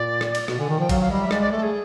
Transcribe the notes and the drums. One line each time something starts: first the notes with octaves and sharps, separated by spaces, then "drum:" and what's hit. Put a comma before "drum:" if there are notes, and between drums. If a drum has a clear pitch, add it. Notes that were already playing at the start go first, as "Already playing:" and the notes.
Already playing: A#2 D5
drum: rim click
drum: cymbal
B2 D5, drum: rim click
D3 G#5
D#3
F3 G5
F#3 F5, drum: kick A1, cymbal
F5
G3 D#5
E5
G3
G#3 D5, drum: rim click
D5
A3 A4
G#4